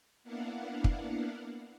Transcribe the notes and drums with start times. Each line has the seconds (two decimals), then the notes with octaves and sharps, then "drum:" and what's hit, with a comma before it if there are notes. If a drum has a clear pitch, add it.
0.24 A#3 B3 D4 E4 F5 F#5
0.84 drum: kick